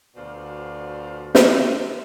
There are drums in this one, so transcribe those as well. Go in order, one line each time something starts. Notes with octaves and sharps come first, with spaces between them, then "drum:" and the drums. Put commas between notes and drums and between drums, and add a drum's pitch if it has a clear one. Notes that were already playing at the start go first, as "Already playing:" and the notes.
D2 B2 F4 C5 D5 F5
drum: snare